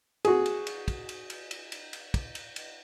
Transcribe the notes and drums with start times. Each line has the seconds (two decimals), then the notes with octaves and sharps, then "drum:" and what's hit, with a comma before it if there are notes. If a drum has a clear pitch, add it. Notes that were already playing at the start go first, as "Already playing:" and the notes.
0.25 F#4 G#4, drum: cymbal
0.46 drum: cymbal
0.67 drum: cymbal
0.88 drum: kick, cymbal
1.09 drum: cymbal
1.30 drum: cymbal
1.51 drum: cymbal
1.72 drum: cymbal
1.93 drum: cymbal
2.14 drum: kick, cymbal
2.35 drum: cymbal
2.56 drum: cymbal